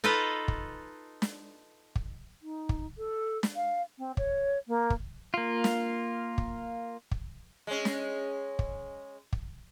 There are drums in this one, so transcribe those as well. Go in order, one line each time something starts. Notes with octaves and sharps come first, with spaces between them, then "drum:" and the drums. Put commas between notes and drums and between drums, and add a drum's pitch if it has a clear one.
D#4 F4 A4 B4 D#5
drum: kick
drum: snare
drum: kick
D#4
drum: kick
A4
drum: snare
F5
C4
C#5, drum: kick
A#3
drum: kick
A#3 F4
drum: snare
drum: kick
drum: kick
G#3 C#4
drum: snare
drum: kick
drum: kick